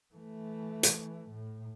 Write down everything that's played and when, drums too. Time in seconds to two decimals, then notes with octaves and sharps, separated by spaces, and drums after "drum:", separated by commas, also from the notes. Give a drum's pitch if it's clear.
0.14 E3 A3
0.83 drum: hi-hat
1.31 A2